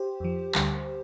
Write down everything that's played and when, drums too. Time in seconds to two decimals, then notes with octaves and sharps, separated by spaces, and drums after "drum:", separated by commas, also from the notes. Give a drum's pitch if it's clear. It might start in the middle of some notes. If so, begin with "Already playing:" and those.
Already playing: G4 C5
0.20 F2 F3
0.55 D2 D3 G3, drum: clap